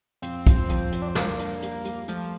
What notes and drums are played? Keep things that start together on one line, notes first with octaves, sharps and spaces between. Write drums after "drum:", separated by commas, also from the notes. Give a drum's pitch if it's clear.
F2 C4, drum: hi-hat
F3, drum: kick, hi-hat
F2, drum: hi-hat
F2, drum: hi-hat
D4
C4
A#3 D4, drum: snare
D4, drum: hi-hat
G3, drum: hi-hat
G3, drum: hi-hat
F3 A3, drum: hi-hat